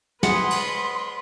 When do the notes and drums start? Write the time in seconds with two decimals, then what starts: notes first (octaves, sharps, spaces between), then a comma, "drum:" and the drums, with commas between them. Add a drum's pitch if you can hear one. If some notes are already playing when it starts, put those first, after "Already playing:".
0.23 G#4 B4 F#5 C6, drum: snare
0.51 drum: cymbal